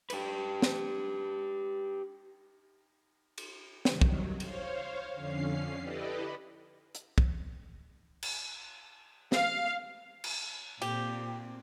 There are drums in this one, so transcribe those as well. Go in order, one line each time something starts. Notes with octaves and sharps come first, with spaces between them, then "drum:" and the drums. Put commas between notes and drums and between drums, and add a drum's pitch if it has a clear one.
G4 B4, drum: cymbal
drum: snare
drum: cymbal
G2 C3 D#3 F#3, drum: snare
drum: kick
C5 C#5 F5, drum: cymbal
F2 D3 C#4 F5 C7
E4 G4 A4 B4 D5 D#5
drum: hi-hat
drum: kick
drum: cymbal
F5, drum: snare
drum: cymbal
A#2 C4 G4, drum: cymbal